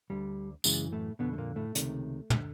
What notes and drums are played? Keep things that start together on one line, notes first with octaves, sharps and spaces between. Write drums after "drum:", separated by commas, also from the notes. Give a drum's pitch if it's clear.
D2 D3 G3
F#2 C#3 E3 G#3, drum: tambourine
A2 A3
F2 B2 D3 B3
A3
A#2 A#3
A2 A3
C#2 C3 D#3, drum: hi-hat
D3, drum: tom